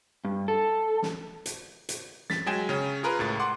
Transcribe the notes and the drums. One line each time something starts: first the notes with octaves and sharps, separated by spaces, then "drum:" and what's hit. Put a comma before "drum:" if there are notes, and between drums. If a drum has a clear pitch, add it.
G2
A4
drum: snare
drum: hi-hat
drum: hi-hat
A6 B6, drum: snare
F#3 G#3 G#4 G5 G#5 E7
C#3 C#4
F4 G#4 A#4 B4 A#5
C#2 A2 A6
F#5 C6 D6